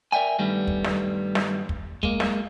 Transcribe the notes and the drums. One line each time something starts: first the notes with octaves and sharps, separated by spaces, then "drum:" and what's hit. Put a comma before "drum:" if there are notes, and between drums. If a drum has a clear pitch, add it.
A#4 D5 E5 G5 G#5
G2 D#3 G3 A3 B3
drum: kick
drum: snare
drum: snare
drum: kick
G#3 A#3, drum: kick
drum: snare